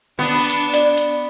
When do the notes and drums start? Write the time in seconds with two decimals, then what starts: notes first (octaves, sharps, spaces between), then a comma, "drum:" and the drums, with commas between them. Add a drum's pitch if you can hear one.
0.19 B3 D4
0.50 drum: hi-hat
0.74 D5, drum: hi-hat
0.97 drum: hi-hat